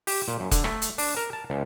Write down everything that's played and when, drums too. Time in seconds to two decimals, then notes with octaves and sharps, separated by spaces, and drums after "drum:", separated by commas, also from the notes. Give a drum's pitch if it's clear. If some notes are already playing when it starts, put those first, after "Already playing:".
0.07 G4, drum: open hi-hat
0.28 A#2
0.40 F#2
0.51 D3, drum: kick E1, hi-hat
0.64 A3, drum: rim click
0.82 drum: hi-hat
0.98 D4, drum: open hi-hat
1.17 A#4
1.33 A5
1.50 C#2